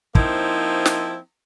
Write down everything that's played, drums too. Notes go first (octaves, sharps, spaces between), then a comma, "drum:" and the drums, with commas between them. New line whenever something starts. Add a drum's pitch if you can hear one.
F3 A#3 C4 D#4 E4, drum: kick
drum: snare